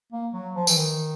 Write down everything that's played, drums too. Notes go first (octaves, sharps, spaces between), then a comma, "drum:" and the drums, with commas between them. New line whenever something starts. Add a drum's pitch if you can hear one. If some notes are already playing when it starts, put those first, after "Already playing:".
A#3
F#3
F3
E3, drum: tambourine
D#3